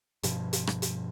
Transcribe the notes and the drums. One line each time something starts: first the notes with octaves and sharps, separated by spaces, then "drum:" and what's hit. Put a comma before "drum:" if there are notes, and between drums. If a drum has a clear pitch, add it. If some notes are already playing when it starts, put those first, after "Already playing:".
G2 B2 F3, drum: hi-hat
drum: hi-hat
drum: rim click
drum: hi-hat